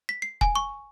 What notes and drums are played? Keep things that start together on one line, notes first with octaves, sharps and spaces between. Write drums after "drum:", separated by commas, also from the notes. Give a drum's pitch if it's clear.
B6
C7
G#5, drum: kick
C#6